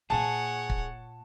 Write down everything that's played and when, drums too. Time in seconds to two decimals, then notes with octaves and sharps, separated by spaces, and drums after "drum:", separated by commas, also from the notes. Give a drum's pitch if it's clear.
0.10 A#2 A#3 G#4 C#5 F#5 A5
0.70 drum: kick